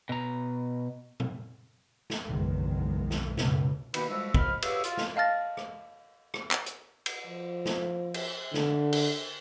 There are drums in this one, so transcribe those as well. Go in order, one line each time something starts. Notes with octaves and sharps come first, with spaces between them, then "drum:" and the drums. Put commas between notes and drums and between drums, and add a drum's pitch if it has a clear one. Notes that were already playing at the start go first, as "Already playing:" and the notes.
B2 A#5
drum: tom A#2
drum: snare
F#1 B1 E2 D#3 G#3
drum: snare
C#2 F#2 B2, drum: snare
B2 D#3 A#3 D#4 G4 B4, drum: cymbal
F3 G3 G#3 F4 F#4 E5
F3 C5 D#5 B5 F6, drum: kick
F4 G4 G#4 B4 C#5 E5, drum: cymbal
F4, drum: hi-hat
drum: snare
D#5 F5 A5 F6 A6 A#6
drum: rim click
drum: rim click
drum: clap
drum: hi-hat
drum: cymbal
F3
drum: snare
drum: cymbal
D3, drum: snare
drum: cymbal